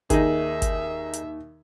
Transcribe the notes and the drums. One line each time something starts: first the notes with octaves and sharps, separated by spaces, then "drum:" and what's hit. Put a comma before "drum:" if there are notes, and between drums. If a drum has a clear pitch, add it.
D#2 D#4 G#4 A#4 E5, drum: kick, hi-hat
drum: kick, hi-hat
drum: hi-hat